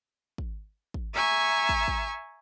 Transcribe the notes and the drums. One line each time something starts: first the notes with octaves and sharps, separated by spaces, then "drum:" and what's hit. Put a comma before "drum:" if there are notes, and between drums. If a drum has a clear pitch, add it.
drum: kick
drum: kick
E5 G#5 A#5 C#6
drum: kick
drum: kick